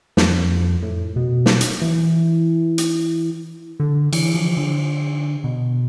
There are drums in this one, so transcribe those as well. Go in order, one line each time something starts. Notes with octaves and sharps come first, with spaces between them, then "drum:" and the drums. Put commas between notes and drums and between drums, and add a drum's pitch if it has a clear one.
F2, drum: snare
A2
B2
drum: snare
drum: hi-hat
E3
drum: hi-hat
D3
E3, drum: cymbal
F3
D3
B2